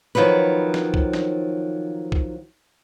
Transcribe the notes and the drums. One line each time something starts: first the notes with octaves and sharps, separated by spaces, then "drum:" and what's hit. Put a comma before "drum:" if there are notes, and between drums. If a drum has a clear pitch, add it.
D#3 F3 F#3 D#4 B4
drum: snare
drum: kick B1
drum: snare
drum: kick B1